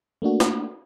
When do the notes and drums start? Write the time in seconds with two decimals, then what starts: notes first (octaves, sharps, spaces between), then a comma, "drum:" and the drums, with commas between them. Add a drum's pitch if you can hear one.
0.22 A3 A#3 D4 F#4
0.40 drum: snare